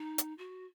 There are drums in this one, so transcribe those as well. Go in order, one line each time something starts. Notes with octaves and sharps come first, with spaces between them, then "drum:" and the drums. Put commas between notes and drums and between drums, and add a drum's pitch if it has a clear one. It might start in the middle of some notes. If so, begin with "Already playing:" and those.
Already playing: D#4
drum: hi-hat
F#4